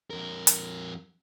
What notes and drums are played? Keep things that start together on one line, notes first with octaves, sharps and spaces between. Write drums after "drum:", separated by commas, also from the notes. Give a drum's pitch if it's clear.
F2 A#4
drum: hi-hat